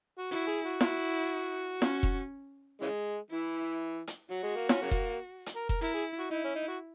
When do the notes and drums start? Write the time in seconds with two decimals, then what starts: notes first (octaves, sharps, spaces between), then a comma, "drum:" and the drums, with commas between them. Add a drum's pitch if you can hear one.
0.18 F#4
0.31 E4 F#4
0.47 G#4
0.65 F#4
0.81 E4 F#4, drum: snare
1.82 C#4, drum: snare
2.03 drum: kick F1
2.81 C#3 E3 G#3
3.30 E3 E4
4.07 drum: hi-hat
4.31 F#3 F#4
4.43 G#3
4.56 A#3
4.69 C#4, drum: snare
4.82 C#3 F#3 A#3
4.91 drum: kick F1
5.46 drum: hi-hat
5.56 A#4
5.69 A#4, drum: kick F1
5.81 E4 A#4
5.94 G#4
6.19 F#4
6.31 D#4 E4
6.44 C#4
6.56 D#4
6.68 F#4